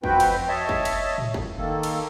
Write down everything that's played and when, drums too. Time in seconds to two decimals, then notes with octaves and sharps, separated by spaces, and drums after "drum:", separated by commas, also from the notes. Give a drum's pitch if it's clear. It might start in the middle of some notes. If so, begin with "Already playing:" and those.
0.04 F2 C4 F#4 B4 G5, drum: kick
0.20 drum: cymbal
0.48 C#5 D#5 E5 A5
0.69 drum: kick
0.85 drum: cymbal
1.18 drum: tom A2
1.34 drum: kick
1.58 D#3 A#3 A4
1.83 drum: cymbal